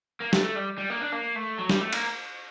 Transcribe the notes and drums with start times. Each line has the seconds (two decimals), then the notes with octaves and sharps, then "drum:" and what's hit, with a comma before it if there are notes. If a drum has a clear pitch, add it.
0.21 A#3
0.33 A3, drum: snare
0.44 A3
0.56 G3
0.78 G3
0.90 A#3
1.01 D4
1.12 A#3
1.35 A3
1.58 F#3
1.69 G3, drum: snare
1.80 A3
1.93 A#3, drum: cymbal